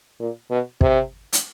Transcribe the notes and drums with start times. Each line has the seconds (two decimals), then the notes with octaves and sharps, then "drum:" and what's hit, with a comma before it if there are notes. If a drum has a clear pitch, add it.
0.20 A#2
0.50 B2
0.81 C3, drum: kick
1.33 drum: hi-hat